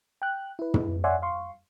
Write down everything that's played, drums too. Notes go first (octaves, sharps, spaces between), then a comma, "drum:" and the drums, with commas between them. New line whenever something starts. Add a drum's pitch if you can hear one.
G5 F#6
E4 B4
drum: tom
C#5 D5 E5 F#5 G#5 C6
F5 C6 C#6